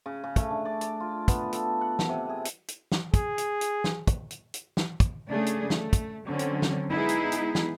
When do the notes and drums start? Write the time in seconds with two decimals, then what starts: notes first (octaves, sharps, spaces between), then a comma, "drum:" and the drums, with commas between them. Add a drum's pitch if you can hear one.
0.06 C#3
0.24 C#3
0.36 A3, drum: kick, hi-hat
0.51 D4
0.65 D5
0.81 D5, drum: hi-hat
1.00 F4
1.28 B3, drum: kick, hi-hat
1.53 A4, drum: hi-hat
1.81 F#5
1.99 drum: snare
2.09 C3
2.29 G#4
2.45 drum: hi-hat
2.68 drum: hi-hat
2.92 drum: snare
3.14 G#4, drum: kick, hi-hat
3.38 drum: hi-hat
3.61 drum: hi-hat
3.84 drum: snare
4.07 drum: kick, hi-hat
4.31 drum: hi-hat
4.54 drum: hi-hat
4.77 drum: snare
5.00 drum: kick, hi-hat
5.28 C#3 A3 D4 G#4
5.46 drum: hi-hat
5.70 A3, drum: snare
5.93 drum: kick, hi-hat
6.25 D3 F#3 C4 C#4
6.39 drum: hi-hat
6.62 drum: snare
6.91 G#3 B3 D#4 E4 G#4
7.09 drum: hi-hat
7.32 drum: hi-hat
7.55 drum: snare